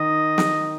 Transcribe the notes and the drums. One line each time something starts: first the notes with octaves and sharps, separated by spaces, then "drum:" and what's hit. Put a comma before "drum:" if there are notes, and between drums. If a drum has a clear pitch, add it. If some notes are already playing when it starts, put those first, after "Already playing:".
Already playing: D#3 D#5
drum: snare